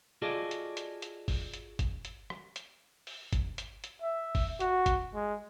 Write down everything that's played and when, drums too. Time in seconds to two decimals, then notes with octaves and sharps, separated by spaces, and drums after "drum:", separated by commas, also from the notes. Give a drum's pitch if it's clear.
0.22 F4 F#4 G#4 A4 D5 D#5
0.51 drum: hi-hat
0.77 drum: hi-hat
1.02 drum: hi-hat
1.28 drum: kick G1, open hi-hat
1.54 drum: hi-hat
1.79 drum: kick G1, hi-hat
2.05 drum: hi-hat
2.30 drum: rim click
2.56 drum: hi-hat
3.07 drum: open hi-hat
3.33 drum: kick G1, hi-hat
3.58 drum: hi-hat
3.84 drum: hi-hat
4.02 E5
4.35 drum: kick G1, open hi-hat
4.60 F#4, drum: hi-hat
4.86 drum: kick G1, hi-hat
5.15 G#3